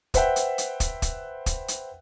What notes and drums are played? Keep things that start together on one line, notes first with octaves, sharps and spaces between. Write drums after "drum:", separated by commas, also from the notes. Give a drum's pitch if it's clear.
B4 C5 E5 F#5 G5, drum: kick, hi-hat
drum: hi-hat
drum: hi-hat
drum: kick, hi-hat
drum: kick, hi-hat
drum: kick, hi-hat
drum: hi-hat